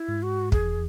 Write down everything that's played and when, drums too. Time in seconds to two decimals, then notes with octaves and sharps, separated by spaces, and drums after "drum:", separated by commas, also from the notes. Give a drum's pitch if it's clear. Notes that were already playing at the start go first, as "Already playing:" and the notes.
Already playing: E4
0.08 G#2
0.23 F#4
0.52 E2 G#4, drum: kick